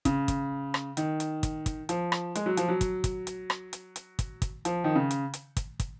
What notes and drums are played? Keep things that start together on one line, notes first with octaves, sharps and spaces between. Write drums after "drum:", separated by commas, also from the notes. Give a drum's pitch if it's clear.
C#3, drum: kick, hi-hat
drum: kick, hi-hat
drum: rim click
D#3, drum: hi-hat
drum: hi-hat
drum: kick, hi-hat
drum: kick, hi-hat
F3, drum: hi-hat
drum: rim click
G#3, drum: hi-hat
F#3
F3, drum: hi-hat
F#3
drum: kick, hi-hat
drum: kick, hi-hat
drum: hi-hat
drum: rim click
drum: hi-hat
drum: hi-hat
drum: kick, hi-hat
drum: kick, hi-hat
F3, drum: hi-hat
D#3
C#3
drum: hi-hat
drum: hi-hat
drum: kick, hi-hat
drum: kick, hi-hat